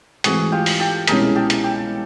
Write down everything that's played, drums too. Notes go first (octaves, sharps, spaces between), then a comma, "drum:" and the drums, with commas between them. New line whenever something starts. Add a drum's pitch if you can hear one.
G#2 E3 A3 C4 E4 F#4 G#4, drum: hi-hat
F4 G4
drum: open hi-hat
G4 A4
C2 B2 G#3 C#4 E4 G#4 A#4, drum: hi-hat
G4 A4
drum: hi-hat
G4 A4